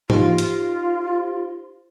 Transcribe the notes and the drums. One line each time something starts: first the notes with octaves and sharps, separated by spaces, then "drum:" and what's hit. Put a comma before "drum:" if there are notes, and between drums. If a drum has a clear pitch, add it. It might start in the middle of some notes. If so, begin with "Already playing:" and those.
D#4 F4 G4 C5, drum: tom G#2
drum: hi-hat